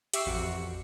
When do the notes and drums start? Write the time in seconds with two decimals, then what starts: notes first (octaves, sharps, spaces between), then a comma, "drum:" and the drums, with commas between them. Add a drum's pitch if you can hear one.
0.14 G4 E5 C#6 D6 E6 C7, drum: hi-hat
0.26 A1 F2 F#4 C#7